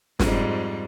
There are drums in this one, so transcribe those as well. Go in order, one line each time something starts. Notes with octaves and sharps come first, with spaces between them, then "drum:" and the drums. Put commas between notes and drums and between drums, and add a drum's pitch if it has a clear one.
F2 G#2 G3, drum: snare